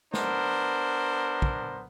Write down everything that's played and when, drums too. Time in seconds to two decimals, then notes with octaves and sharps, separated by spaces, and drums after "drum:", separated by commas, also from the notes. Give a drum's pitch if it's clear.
0.13 B3 D4 A#4 C5, drum: snare
1.42 drum: kick